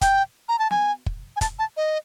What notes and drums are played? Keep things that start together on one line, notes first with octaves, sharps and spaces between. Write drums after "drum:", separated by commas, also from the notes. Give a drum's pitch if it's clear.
G5, drum: kick, hi-hat
A#5
A5
G#5, drum: snare
drum: kick
G#5
A5, drum: kick, hi-hat
A5
D#5